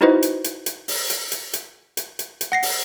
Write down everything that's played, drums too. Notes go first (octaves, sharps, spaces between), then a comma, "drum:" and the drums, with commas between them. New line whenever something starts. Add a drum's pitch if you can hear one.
D#4 E4 F#4 B4 C5 D#5
drum: hi-hat
drum: hi-hat
drum: hi-hat
drum: open hi-hat
drum: hi-hat
drum: hi-hat
drum: hi-hat
drum: hi-hat
drum: hi-hat
drum: hi-hat
F#5 A#6 C7
drum: open hi-hat